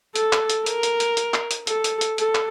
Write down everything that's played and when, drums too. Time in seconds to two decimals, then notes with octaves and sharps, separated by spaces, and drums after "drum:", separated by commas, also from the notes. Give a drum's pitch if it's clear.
0.16 A4, drum: hi-hat
0.33 drum: clap
0.50 drum: hi-hat
0.66 A#4, drum: hi-hat
0.83 drum: hi-hat
1.00 drum: hi-hat
1.17 drum: hi-hat
1.34 drum: clap
1.51 drum: hi-hat
1.67 A4, drum: hi-hat
1.84 drum: hi-hat
2.01 drum: hi-hat
2.18 A4, drum: hi-hat
2.35 drum: clap